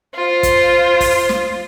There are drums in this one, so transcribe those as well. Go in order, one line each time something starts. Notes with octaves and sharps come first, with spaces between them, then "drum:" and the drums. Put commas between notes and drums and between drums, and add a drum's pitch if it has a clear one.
F4 C5
drum: kick, hi-hat
drum: kick, open hi-hat
drum: snare